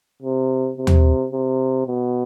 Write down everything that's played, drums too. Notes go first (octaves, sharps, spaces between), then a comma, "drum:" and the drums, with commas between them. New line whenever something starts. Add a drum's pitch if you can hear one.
C3
C3
drum: tom D#2
C3
B2